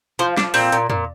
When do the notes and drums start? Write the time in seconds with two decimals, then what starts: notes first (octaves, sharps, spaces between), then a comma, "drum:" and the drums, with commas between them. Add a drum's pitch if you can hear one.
0.19 F3 C5, drum: hi-hat
0.37 F3 D4, drum: snare
0.54 A#2 C4, drum: open hi-hat
0.72 A#2, drum: hi-hat
0.90 A#2, drum: tom